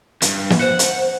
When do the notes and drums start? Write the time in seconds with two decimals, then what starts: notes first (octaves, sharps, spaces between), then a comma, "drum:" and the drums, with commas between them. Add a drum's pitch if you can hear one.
0.22 E2 G2, drum: hi-hat
0.50 drum: snare
0.61 C5 F#5
0.79 drum: hi-hat